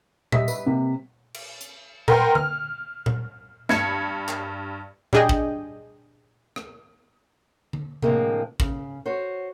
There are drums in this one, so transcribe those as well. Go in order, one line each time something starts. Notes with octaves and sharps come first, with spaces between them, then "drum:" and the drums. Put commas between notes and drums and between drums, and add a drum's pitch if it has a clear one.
G3 D#5 E5 B6, drum: tom A#2
B4, drum: tambourine
C3 A#3
drum: cymbal
drum: hi-hat
A#4 B4 F#5 G5 C6, drum: tom A#2
F6, drum: tom D3
drum: tom A#2
G2 B5 G#6 C#7, drum: snare
drum: clap
G3 D4 G#4 D#5 G5, drum: tom A#2
drum: kick
drum: rim click
drum: tom D3
A2 D3 F3 G#3 A#3 C4, drum: tom C3
C#3, drum: kick
F#4 C5 C#5